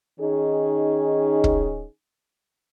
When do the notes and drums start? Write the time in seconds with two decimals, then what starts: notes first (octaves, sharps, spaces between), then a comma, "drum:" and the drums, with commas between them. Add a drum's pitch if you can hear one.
0.20 D#3 C#4 D#4 G#4
1.44 drum: kick